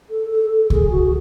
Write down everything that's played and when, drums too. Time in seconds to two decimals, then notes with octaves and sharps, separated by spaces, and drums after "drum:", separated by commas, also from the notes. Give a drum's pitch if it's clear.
0.10 A4
0.30 A4
0.50 A4
0.70 G#4, drum: kick C#2
0.90 F#4